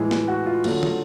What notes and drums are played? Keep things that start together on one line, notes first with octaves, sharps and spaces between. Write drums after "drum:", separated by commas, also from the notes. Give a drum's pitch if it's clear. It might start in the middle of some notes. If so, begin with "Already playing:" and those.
Already playing: A2 E3 G#3 G#4
drum: snare
F#4
F4
D3 F#3 A3 F4, drum: cymbal
drum: tom